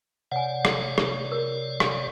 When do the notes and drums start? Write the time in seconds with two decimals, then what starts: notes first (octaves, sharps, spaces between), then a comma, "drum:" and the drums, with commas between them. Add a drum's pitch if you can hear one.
0.32 C3 C#5 D5 F#5 G#5
0.65 drum: rim click
0.98 drum: rim click
1.32 A#4
1.80 drum: rim click